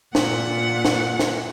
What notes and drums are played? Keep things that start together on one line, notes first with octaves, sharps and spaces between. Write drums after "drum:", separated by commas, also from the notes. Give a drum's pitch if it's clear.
A#2 F#5, drum: snare
drum: snare
drum: snare